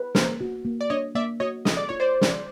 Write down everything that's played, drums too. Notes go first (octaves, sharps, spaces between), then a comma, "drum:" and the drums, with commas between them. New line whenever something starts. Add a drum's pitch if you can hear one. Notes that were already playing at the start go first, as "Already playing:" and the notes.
Already playing: B4
A#3 A#4 C5, drum: snare
F#4
A#3
D5
D4 C#5 D#5
A#3 D5 E5
F#4 C#5 D#5
A4 D#5, drum: snare
D5
F4 C#5
C5 D5
drum: snare